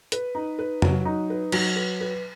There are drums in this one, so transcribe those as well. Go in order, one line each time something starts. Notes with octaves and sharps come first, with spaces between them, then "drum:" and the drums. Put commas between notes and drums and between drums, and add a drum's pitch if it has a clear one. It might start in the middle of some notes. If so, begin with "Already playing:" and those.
B4, drum: hi-hat
D#4
B4
F#3, drum: tom
D#4
B4
F#3, drum: cymbal
B4
B4